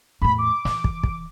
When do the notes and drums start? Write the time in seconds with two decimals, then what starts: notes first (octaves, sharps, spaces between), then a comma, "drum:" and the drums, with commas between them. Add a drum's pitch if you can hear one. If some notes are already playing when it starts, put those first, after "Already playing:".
0.22 E2 A2 B5
0.38 D6
0.65 E3, drum: snare
0.84 drum: kick
1.03 drum: kick